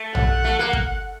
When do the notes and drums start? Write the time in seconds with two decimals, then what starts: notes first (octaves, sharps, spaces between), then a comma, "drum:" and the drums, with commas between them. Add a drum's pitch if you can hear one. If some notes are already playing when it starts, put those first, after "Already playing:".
Already playing: A3
0.15 F#5, drum: tom A#1
0.44 A3
0.59 A#3
0.73 drum: kick